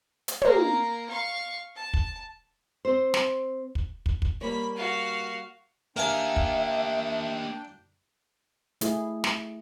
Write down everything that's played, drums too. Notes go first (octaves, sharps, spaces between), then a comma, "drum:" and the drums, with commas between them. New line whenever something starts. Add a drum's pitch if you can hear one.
drum: hi-hat
A#3 A#4, drum: tom
F5 C#6
A5
drum: kick
C4 C5
drum: snare
drum: kick
drum: kick
drum: kick
G3 A#3 C#5 B5
F#4 F5
A#3 D4 G4 A#4 E5 F5 G5 G#5
drum: kick
A3 E4 G#4, drum: hi-hat
drum: snare